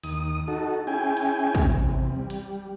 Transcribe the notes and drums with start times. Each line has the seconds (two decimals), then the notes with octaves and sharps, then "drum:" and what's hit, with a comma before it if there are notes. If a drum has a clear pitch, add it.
0.04 D#2 D#6, drum: hi-hat
0.48 D#4 F#4 A4
0.87 C#4 E4 G#4 G5 G#5
1.17 drum: hi-hat
1.55 drum: kick, hi-hat
1.66 E2 C3
2.16 G3
2.30 drum: hi-hat